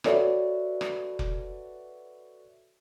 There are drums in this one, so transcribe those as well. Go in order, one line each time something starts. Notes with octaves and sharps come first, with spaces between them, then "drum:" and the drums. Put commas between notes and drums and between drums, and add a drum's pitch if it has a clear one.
F#4 A4 B4 C#5 D5 E5, drum: rim click
drum: rim click
drum: kick F1